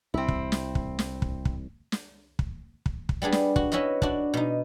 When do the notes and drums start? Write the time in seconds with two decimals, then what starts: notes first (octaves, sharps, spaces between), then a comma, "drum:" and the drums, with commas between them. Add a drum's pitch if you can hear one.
0.14 C2 C4 E4
0.28 drum: kick
0.52 drum: snare
0.75 drum: kick
0.99 drum: snare
1.22 drum: kick
1.45 drum: kick
1.92 drum: snare
2.39 drum: kick
2.86 drum: kick
3.09 drum: kick
3.22 G3 B3 D4 G#4
3.32 drum: snare
3.56 F#4, drum: kick
3.72 C#4 E4 F#4 B4 D#5
4.02 D4 F#4, drum: kick
4.34 B2 D#4